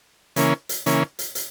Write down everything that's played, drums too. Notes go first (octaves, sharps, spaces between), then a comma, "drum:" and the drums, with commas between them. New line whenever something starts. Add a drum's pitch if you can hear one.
C#3 E3 A#3 C#4, drum: hi-hat
drum: hi-hat
C#3 E3 A#3 C#4, drum: hi-hat
drum: hi-hat
drum: hi-hat